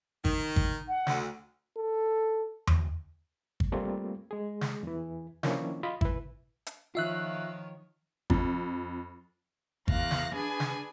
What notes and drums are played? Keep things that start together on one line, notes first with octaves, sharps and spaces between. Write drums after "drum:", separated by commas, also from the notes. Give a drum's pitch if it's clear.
D#3, drum: kick
drum: kick
F#5
D2, drum: snare
A4
drum: tom E2
drum: kick
G3 A3 A#3 C4 F4
G#3 G#4
drum: snare
E2 E3
D#3 F3 A#3 C#4 D4 E4, drum: snare
F4 D#5 B5
E4 B4, drum: kick
drum: hi-hat
D#3 F3 F4 C#5 E5 F#6
F2, drum: kick
E2 F5 F#6 A#6, drum: kick
drum: snare
D4 G#4 B4 G#5
drum: snare